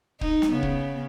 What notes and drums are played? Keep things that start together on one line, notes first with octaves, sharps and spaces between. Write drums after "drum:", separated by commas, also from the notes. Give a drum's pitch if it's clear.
D#4, drum: kick
drum: snare
C#3 B3
drum: kick